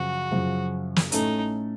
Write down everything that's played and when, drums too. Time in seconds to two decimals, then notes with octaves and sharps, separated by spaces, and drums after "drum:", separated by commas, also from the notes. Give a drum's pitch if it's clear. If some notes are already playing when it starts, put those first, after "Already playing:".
Already playing: F#2 C#3 F3 F#4
0.31 F#2 C#3 F3
0.96 drum: snare
1.12 A2 A3 C#4 D#4 A4, drum: hi-hat